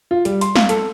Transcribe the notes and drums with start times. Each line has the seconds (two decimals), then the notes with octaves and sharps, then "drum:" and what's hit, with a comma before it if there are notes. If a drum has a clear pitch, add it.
0.11 F4
0.25 G3, drum: hi-hat
0.41 C6, drum: hi-hat
0.55 F5, drum: snare
0.69 A4, drum: hi-hat